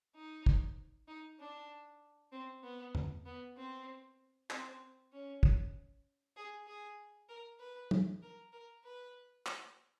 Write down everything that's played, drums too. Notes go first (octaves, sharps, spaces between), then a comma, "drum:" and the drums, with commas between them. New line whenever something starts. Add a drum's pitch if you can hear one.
D#4
drum: kick
D#4
D4
C4
B3
drum: tom E2
B3
C4
C4, drum: clap
C#4
drum: kick
G#4
G#4
A#4
B4
drum: tom
A#4
A#4
B4
drum: clap